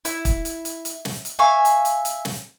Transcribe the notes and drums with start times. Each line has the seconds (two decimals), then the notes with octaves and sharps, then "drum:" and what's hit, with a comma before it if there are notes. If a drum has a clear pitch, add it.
0.05 E4, drum: hi-hat
0.25 drum: kick, hi-hat
0.45 drum: hi-hat
0.65 drum: hi-hat
0.85 drum: hi-hat
1.05 drum: snare
1.25 drum: hi-hat
1.39 E5 F5 G#5 C#6
1.65 drum: hi-hat
1.85 drum: hi-hat
2.05 drum: hi-hat
2.25 drum: snare